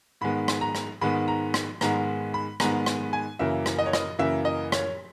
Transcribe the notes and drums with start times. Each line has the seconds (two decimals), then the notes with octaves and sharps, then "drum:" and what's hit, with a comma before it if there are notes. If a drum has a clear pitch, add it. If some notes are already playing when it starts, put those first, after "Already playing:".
0.21 G#2 D#3 G#3 B3 B5
0.48 drum: rim click
0.61 A#5
0.75 drum: rim click
1.01 G#2 D#3 G#3 B3 B5
1.28 A#5
1.54 drum: rim click
1.81 G#2 D#3 G#3 B3 A#5, drum: rim click
2.34 B5
2.60 G#2 D#3 G#3 B3 A#5, drum: rim click
2.86 drum: rim click
3.13 G#5
3.39 F#2 C#3 E3 A#3 E5
3.66 drum: rim click
3.79 D#5
3.86 C#5
3.93 D#5, drum: rim click
4.19 F#2 C#3 E3 A#3 E5
4.45 D#5
4.72 C#5, drum: rim click